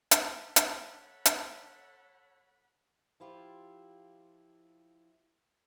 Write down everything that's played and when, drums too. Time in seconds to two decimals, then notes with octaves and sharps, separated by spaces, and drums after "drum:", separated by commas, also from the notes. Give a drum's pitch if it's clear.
0.11 A4 F#5 B5, drum: hi-hat
0.56 C#5, drum: hi-hat
1.25 drum: hi-hat
3.20 F3 E4 F4 G4